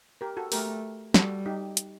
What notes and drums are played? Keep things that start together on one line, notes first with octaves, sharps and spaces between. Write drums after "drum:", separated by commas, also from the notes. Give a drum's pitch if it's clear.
G4 A#4
F#4 A4
A3 G4 A#4, drum: open hi-hat
G3 F#4 A4, drum: snare
D#4 G4
drum: hi-hat